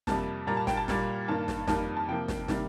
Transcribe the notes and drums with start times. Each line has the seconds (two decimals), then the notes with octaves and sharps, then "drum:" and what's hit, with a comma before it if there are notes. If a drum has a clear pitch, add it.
0.07 F2 C3 G3 A#3 A5, drum: snare
0.47 A#2 G3 A#3 A#5
0.57 A5
0.67 G5, drum: snare
0.77 A5
0.88 A#2 G3 A#3, drum: snare
1.28 G2 D#3 A#3 A5
1.48 drum: snare
1.67 F2 D#3 G3 A#3, drum: snare
1.97 A5
2.08 C3 F3 A#3 G5
2.28 drum: snare
2.48 C3 D#3 G3 A#3, drum: snare